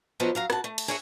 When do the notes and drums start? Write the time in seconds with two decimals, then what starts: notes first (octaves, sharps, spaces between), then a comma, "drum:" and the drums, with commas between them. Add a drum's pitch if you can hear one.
0.20 D3 F3 F#3 B3 D#4
0.35 F#3 F5 A#5
0.50 F#4 A5, drum: rim click
0.64 A3
0.78 drum: cymbal
0.88 G#4 A#4 C#5 E5 F#5